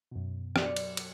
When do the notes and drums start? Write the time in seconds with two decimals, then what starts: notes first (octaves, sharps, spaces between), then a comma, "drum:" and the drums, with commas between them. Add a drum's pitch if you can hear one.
0.11 F#2 B2
0.56 F#3 D5 C#7, drum: rim click
0.76 drum: cymbal
0.97 drum: cymbal